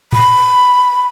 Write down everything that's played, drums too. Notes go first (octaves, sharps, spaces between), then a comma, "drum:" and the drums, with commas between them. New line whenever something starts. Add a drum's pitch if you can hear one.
B5, drum: tom A2